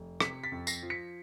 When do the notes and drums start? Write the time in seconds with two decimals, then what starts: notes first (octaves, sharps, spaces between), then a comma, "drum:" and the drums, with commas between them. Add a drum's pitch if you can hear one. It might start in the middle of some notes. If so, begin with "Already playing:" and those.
Already playing: F1
0.20 C3 B6 C#7, drum: rim click
0.44 A6 B6
0.52 F2
0.67 A#6 C7, drum: tambourine
0.83 F3
0.90 B6 C#7